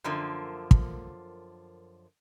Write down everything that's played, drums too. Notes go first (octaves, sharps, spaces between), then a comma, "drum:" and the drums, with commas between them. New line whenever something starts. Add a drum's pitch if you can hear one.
F#2 D3 F3 A#3
drum: kick